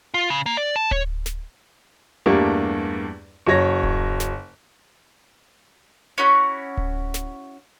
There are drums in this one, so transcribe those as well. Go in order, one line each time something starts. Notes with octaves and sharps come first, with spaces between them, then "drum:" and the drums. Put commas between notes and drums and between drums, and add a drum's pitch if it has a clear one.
F4
C#3
A#3
D5
A5
C#5, drum: kick D1
drum: snare
E2 G2 G3 A3 A#3 D4
F#1 F#3 C#5 A#6
drum: kick D1
drum: snare
C#4 E4 F#4 F#6
drum: kick D1
drum: snare